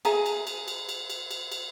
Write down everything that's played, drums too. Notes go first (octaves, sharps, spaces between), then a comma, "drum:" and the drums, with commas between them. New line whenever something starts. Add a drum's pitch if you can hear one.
G#4 E5 G#5 A#5, drum: cymbal
drum: cymbal
drum: cymbal
drum: cymbal
drum: cymbal
drum: cymbal
drum: cymbal
drum: cymbal